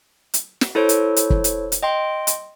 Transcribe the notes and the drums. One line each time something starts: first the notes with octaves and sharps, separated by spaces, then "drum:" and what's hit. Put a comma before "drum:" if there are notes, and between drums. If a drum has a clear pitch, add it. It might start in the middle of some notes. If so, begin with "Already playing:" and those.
drum: hi-hat
drum: snare
E4 A4 C5 C#5
drum: hi-hat
drum: hi-hat
drum: kick
drum: hi-hat
drum: hi-hat
D#5 G5 C6
drum: hi-hat